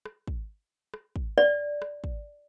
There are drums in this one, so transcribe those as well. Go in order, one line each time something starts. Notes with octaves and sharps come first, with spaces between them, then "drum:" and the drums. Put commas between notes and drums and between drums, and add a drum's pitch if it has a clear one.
drum: rim click
drum: kick
drum: rim click
drum: kick
D5
drum: rim click
drum: kick